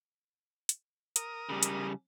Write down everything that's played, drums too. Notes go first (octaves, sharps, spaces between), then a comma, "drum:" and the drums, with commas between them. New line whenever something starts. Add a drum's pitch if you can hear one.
drum: hi-hat
A#4 D#6, drum: hi-hat
C#3 G3
drum: hi-hat